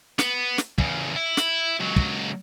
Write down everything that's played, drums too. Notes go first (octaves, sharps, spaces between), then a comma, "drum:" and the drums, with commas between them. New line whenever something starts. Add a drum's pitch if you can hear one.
B3, drum: snare
drum: snare
E2 C#3, drum: kick
E4
drum: snare
C#2 F#3
drum: kick